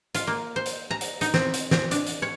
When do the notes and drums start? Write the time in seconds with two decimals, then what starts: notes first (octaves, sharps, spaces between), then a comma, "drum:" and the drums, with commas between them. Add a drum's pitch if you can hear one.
0.15 F4, drum: hi-hat
0.27 A#3
0.56 C5
0.66 drum: hi-hat
0.91 A#5
1.01 drum: hi-hat
1.21 D#4, drum: hi-hat
1.34 C4, drum: snare
1.54 drum: hi-hat
1.71 C4, drum: snare
1.91 D4, drum: hi-hat
2.07 drum: hi-hat
2.22 C#5